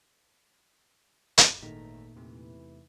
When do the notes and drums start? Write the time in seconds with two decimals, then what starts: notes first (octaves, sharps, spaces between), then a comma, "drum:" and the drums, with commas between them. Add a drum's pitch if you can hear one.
1.38 drum: hi-hat
1.62 G#1 E2 A#2 D#3 A3 A#5 B6
2.15 E2 C3 E3 A3